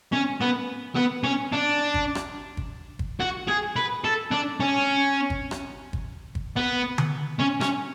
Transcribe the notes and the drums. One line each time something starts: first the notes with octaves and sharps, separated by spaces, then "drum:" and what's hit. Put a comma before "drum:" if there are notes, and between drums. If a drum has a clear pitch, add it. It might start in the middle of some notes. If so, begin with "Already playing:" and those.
C#4
B3
B3
C#4
D4
drum: kick
drum: rim click
drum: kick
drum: kick
F#4
G#4
B4
A4
D4
C#4
drum: kick
drum: rim click
drum: kick
drum: kick
B3
drum: tom D3
C#4
C#4, drum: rim click